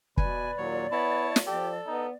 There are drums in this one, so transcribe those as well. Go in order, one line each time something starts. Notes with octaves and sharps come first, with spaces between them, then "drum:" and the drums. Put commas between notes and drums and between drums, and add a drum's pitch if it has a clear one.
B2 B4 D5 G#5, drum: kick
D#2 A#2 F#3 C#5
B3 E4 C#5 A5 B5
drum: snare
F3 G4 A4
B3 D#4